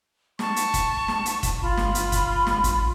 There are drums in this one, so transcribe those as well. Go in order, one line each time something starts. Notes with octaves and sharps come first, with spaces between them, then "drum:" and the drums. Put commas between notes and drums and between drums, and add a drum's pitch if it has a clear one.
A5 C#6, drum: snare
drum: hi-hat
drum: kick F1, hi-hat
drum: snare
drum: hi-hat
drum: kick F1, hi-hat
G1 F4 B5
drum: snare
drum: hi-hat
drum: kick F1, hi-hat
drum: snare
A1, drum: hi-hat